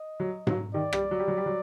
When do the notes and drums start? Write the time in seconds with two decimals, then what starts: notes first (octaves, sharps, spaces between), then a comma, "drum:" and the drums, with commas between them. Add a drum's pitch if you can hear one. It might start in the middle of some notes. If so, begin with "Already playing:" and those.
Already playing: D#5
0.20 F#3
0.47 F#3, drum: tom G#2
0.74 D#3 D5
0.93 G3, drum: rim click
1.11 F#3
1.19 G3
1.28 F#3
1.37 G3
1.46 F#3